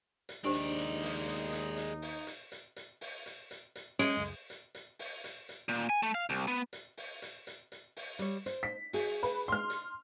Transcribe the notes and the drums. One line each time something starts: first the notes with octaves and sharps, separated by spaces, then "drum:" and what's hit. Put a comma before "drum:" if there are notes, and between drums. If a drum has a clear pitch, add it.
drum: hi-hat
D#2 G#3 D4 D#4 G4 C5 D5
drum: hi-hat
drum: hi-hat
drum: open hi-hat
drum: hi-hat
drum: hi-hat
drum: hi-hat
drum: open hi-hat
drum: hi-hat
drum: hi-hat
drum: hi-hat
drum: open hi-hat
drum: hi-hat
drum: hi-hat
drum: hi-hat
G#3 C#4, drum: open hi-hat
C#2 F#2
drum: hi-hat
drum: hi-hat
drum: open hi-hat
drum: hi-hat
drum: hi-hat
A#2
G#5
A3
F5
C2
B3
drum: hi-hat
drum: open hi-hat
drum: hi-hat
drum: hi-hat
drum: hi-hat
drum: open hi-hat
G3 C#5, drum: hi-hat
C5, drum: hi-hat
B6
F#4 G#4, drum: open hi-hat
B4, drum: hi-hat
C6 F6
drum: hi-hat